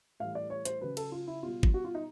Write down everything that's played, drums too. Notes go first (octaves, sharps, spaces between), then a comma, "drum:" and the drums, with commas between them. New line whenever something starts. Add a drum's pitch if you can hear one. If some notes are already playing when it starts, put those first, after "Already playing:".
A2 E3 G3 F5
D5
C#5
C5, drum: hi-hat
C#3 F#3 B4
A4, drum: cymbal
F4
E4
B2 G3 F4
drum: kick
F#4
F4
D#4